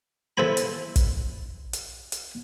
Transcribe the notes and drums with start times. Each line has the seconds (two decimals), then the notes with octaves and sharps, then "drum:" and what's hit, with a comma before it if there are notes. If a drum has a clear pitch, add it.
0.37 E3 E4 A4 C5 G#5 B5
0.57 drum: hi-hat
0.96 drum: kick, hi-hat
1.73 drum: hi-hat
2.12 drum: hi-hat